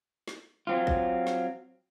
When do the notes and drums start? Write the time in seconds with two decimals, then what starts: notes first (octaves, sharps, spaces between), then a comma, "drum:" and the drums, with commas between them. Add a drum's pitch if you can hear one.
0.28 drum: snare
0.67 F#3 C4 F4
0.87 drum: kick
1.27 drum: snare